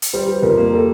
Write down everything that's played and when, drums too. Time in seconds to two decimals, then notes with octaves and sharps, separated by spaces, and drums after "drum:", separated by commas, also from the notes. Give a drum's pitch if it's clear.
0.02 drum: hi-hat
0.13 G3 C5
0.28 G3 B4
0.43 F2 A#4
0.57 A#3
0.72 G3 A4